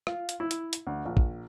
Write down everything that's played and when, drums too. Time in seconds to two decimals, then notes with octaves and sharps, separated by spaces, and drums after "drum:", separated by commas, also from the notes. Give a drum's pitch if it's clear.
0.07 F4, drum: rim click
0.29 drum: hi-hat
0.40 E4
0.51 drum: hi-hat
0.73 drum: hi-hat
0.87 D2
1.05 A#1
1.17 drum: kick